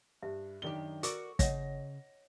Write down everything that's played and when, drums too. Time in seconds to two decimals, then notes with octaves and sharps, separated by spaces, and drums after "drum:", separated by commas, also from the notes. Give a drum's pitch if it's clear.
0.23 G2 E5
0.62 F#2 D#3 D4 G4 G7
1.03 F#4 A#4 D5 C#6 D6 E6, drum: hi-hat
1.39 C#3 C#5 D#5 F#5 A#6, drum: kick, hi-hat